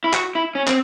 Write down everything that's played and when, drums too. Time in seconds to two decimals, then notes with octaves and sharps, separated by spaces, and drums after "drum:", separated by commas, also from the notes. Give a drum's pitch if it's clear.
0.04 E4
0.13 F#4, drum: clap
0.35 E4
0.55 C#4
0.68 C4, drum: clap